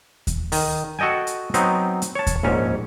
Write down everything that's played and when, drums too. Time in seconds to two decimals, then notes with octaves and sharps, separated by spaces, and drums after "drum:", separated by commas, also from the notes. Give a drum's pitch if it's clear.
0.27 drum: kick D#2, hi-hat
0.52 D#3, drum: open hi-hat
0.99 F#4 A4 D#5 G5 G#5
1.27 drum: hi-hat
1.54 F#3 B3 C4 D#4, drum: hi-hat
2.02 drum: hi-hat
2.15 C#5 A5
2.27 drum: kick D#2, hi-hat
2.43 A#1 G#2 C#4 C#5